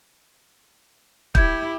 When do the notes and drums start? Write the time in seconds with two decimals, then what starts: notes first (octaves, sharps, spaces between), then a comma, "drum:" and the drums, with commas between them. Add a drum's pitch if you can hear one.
1.35 E4 G4 G6 G#6, drum: kick